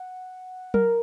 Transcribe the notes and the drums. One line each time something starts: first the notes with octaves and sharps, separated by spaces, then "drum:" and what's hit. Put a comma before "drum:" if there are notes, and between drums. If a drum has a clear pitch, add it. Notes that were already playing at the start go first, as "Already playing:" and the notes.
Already playing: F#5
A#4, drum: tom F#3